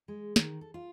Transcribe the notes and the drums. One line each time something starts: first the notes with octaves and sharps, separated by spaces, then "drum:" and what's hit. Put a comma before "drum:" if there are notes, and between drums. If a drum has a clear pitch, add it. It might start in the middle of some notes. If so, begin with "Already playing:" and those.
G#3
D#3, drum: snare
A4
F4